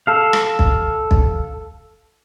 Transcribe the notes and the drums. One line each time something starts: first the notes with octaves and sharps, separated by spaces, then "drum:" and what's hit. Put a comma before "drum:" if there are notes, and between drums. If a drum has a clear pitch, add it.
A4 F5
drum: rim click
drum: kick
drum: kick